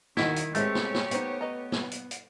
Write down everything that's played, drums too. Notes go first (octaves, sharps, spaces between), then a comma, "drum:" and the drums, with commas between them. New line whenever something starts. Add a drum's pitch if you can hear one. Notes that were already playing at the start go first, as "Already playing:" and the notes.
D#2 D#3 D#4 E4 F#4, drum: snare
drum: hi-hat
G#3 A3 C4 G4 A#4 B4 C#5 E5, drum: hi-hat
drum: snare
drum: snare
B3 D#4 C5 G5, drum: hi-hat
B4 D#5 A#5
drum: snare
drum: hi-hat
drum: hi-hat